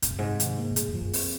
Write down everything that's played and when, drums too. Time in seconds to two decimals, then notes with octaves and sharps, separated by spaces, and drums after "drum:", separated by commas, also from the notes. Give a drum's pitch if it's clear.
0.02 G#2 C3, drum: hi-hat
0.11 F#2
0.18 G#2 C3
0.40 D#3, drum: hi-hat
0.58 A#3
0.70 G#2
0.76 F#2 G#4, drum: hi-hat
0.88 F2
0.94 F3
1.01 F#2
1.13 C4, drum: open hi-hat